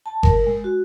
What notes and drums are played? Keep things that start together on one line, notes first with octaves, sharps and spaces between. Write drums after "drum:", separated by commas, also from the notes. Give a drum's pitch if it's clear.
A5
A#4, drum: kick G1
G#3
F#4